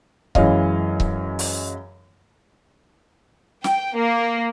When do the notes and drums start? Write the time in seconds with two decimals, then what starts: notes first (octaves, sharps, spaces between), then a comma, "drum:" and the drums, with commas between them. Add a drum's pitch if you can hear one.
0.35 F#2 E3 G#3 C#5 D#5 F5, drum: kick C#1
1.00 drum: kick C#1
1.39 drum: open hi-hat
3.64 G5, drum: snare
3.96 A#3